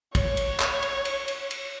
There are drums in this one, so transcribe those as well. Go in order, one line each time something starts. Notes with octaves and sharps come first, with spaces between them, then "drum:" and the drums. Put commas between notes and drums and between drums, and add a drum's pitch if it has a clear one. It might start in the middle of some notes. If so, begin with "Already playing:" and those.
C#5, drum: kick, cymbal
drum: cymbal
drum: clap
drum: cymbal
drum: cymbal
drum: cymbal
drum: cymbal